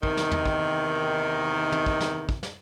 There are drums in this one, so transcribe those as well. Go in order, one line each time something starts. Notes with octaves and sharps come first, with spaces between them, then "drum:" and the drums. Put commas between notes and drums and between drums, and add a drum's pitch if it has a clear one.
E2 C3 D#3, drum: kick
drum: snare
drum: tom
drum: kick
drum: tom
drum: kick
drum: snare
drum: kick
drum: snare